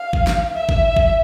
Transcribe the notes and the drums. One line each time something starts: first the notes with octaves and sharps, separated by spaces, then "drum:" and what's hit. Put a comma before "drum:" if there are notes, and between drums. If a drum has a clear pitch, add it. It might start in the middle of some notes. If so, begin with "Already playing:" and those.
Already playing: F5
drum: kick A1
drum: snare
E5
drum: kick A1
drum: kick A1